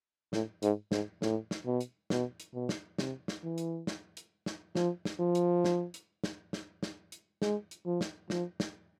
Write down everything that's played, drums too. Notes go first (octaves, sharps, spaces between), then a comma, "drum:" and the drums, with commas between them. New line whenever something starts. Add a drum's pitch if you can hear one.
A2, drum: snare
G#2, drum: hi-hat
G#2, drum: snare
A2, drum: snare
drum: snare
B2
drum: hi-hat
B2, drum: snare
drum: hi-hat
B2
drum: snare
C3, drum: snare
drum: snare
E3
drum: hi-hat
drum: snare
drum: hi-hat
drum: snare
F3, drum: snare
drum: snare
F3
drum: hi-hat
drum: snare
drum: hi-hat
drum: snare
drum: snare
drum: snare
drum: hi-hat
G#3, drum: snare
drum: hi-hat
F3
drum: snare
F3, drum: snare
drum: snare